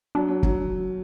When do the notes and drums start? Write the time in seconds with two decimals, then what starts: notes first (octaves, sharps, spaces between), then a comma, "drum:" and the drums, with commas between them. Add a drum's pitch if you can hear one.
0.15 F#3 D4
0.29 F#3
0.43 F#3, drum: kick